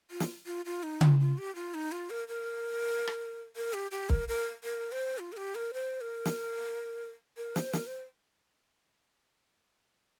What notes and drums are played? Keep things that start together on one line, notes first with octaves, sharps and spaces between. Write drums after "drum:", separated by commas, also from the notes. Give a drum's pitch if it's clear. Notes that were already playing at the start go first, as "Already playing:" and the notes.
F4
drum: snare
F4
F4
D#4
F4, drum: tom C#3
F4
G4
F4
D#4
F4
A#4
A#4
drum: rim click
A#4
G4
G4
A#4, drum: kick
A#4
A#4
C5
F4
A#4
G4
A#4
C5
A#4
drum: snare
A#4
C5, drum: snare
A#4, drum: snare
C5